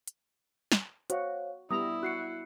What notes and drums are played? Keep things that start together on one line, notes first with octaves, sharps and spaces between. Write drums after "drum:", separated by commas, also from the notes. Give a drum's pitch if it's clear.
drum: hi-hat
drum: snare
F#4 C5 C#5 F5, drum: hi-hat
G3 B3 E4 A#5 D#6
F#4 F#6 C7 C#7